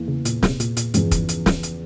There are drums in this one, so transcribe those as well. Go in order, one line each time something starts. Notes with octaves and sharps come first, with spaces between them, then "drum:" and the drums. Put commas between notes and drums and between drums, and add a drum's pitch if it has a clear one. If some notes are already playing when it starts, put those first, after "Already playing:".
Already playing: E2 E3 A#3
C#3
A#2, drum: hi-hat
C3, drum: snare
A#2, drum: hi-hat
A#2, drum: hi-hat
E2 G2 C#3 F3, drum: hi-hat
drum: kick, hi-hat
drum: hi-hat
drum: snare
drum: hi-hat